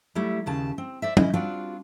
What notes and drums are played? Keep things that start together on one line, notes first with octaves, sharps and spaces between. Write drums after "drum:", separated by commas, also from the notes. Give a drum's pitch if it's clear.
F#3 G3 A3 E4
D#2 C#3 A5
C4
C5 D5 E5
C#4 E4 D#5, drum: tom
G3 C4 D4 F4 F#4 F5